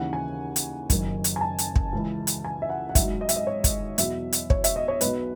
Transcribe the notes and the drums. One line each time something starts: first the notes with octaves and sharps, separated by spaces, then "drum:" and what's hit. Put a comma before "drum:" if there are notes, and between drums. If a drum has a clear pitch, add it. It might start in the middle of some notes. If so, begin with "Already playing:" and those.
Already playing: D#2 C#3 E3 F#5
G#5
drum: hi-hat
F#1 F#2 D#3 F#3, drum: kick, hi-hat
drum: hi-hat
G#5
A5
drum: hi-hat
drum: kick
C#2 C#3 E3
drum: hi-hat
G#5
E5
F#5
F#5
G#1 G#2 F#3 E5, drum: kick, hi-hat
D#5
E5, drum: hi-hat
D#5
C#5
drum: kick, hi-hat
E2 B2 F#3 E5, drum: hi-hat
drum: hi-hat
C#5, drum: kick
E5, drum: hi-hat
D#5
C#5
B1 B2 F#3 B4, drum: hi-hat